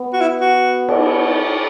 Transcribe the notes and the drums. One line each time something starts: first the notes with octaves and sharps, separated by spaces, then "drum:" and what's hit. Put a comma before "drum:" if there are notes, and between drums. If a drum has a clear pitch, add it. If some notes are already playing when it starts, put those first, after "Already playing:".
Already playing: B3
F#4
E4
F#4
drum: cymbal